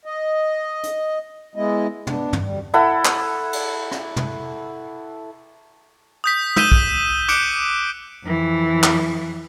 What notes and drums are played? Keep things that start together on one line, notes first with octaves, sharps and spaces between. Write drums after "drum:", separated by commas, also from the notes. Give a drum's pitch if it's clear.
D#5
drum: hi-hat
G#3 B3 E4 D#5
B3 D4, drum: tom
drum: tom
D2 G3
E4 A4 F#5 B5
drum: clap
drum: cymbal
drum: rim click
drum: tom
D#6 G6 B6
E6 G6 B6 D#7 E7 G7, drum: tom
drum: kick
D6 D#6 F#6 G6 C#7 D7, drum: hi-hat
F2 E3
drum: clap